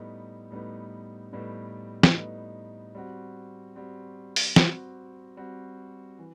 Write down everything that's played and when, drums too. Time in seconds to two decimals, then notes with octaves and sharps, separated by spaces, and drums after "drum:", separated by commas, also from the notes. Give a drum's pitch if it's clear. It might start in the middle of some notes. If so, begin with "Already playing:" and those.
Already playing: A2 G3 B3 D#4
0.51 A2 G3 B3 D#4
1.32 A2 G3 B3 D#4
2.03 drum: snare
2.13 A2 G3 B3 D#4
2.95 G3 C4 F#4
3.75 G3 C4 F#4
4.36 drum: open hi-hat
4.56 G3 C4 F#4, drum: snare
5.37 G3 C4 F#4
6.19 E3